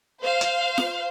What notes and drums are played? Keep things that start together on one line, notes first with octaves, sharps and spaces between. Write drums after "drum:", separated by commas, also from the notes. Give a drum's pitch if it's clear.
C5 F5
drum: hi-hat
drum: snare F4